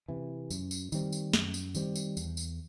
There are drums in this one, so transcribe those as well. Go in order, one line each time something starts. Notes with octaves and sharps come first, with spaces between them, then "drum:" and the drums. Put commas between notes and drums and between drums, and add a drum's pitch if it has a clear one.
C3 E3
F#2, drum: tambourine
drum: tambourine
D#3 G3 C4, drum: tambourine
drum: tambourine
F#2, drum: snare
drum: tambourine
D#3 G3 C4, drum: tambourine
drum: tambourine
E2, drum: tambourine
drum: tambourine